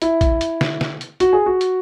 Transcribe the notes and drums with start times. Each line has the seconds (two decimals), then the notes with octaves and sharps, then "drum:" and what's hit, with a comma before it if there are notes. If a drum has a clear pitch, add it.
0.02 E4, drum: hi-hat
0.21 drum: kick A#1, hi-hat
0.41 drum: hi-hat
0.61 drum: snare
0.81 drum: snare
1.01 drum: hi-hat
1.20 F#4, drum: hi-hat
1.33 G#4
1.46 F#4
1.61 drum: hi-hat